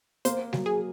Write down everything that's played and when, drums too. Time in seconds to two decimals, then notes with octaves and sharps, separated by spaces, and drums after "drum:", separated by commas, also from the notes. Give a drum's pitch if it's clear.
0.25 A#3 C5, drum: hi-hat
0.53 F#3, drum: snare G3
0.66 G#4